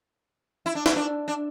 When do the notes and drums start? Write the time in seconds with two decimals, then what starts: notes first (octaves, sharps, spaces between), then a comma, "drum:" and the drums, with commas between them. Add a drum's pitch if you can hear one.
0.66 E4
0.75 D4
0.86 E4, drum: snare
0.96 D4
1.28 D4